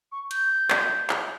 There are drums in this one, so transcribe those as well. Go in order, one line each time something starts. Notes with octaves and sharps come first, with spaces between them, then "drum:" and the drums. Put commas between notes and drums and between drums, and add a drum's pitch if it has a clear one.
C#6
G6, drum: hi-hat
drum: clap
drum: clap